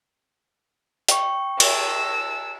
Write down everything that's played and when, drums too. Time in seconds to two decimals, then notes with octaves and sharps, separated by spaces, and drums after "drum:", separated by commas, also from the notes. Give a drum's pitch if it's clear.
1.09 G5 C#6, drum: hi-hat
1.60 A5 E6, drum: cymbal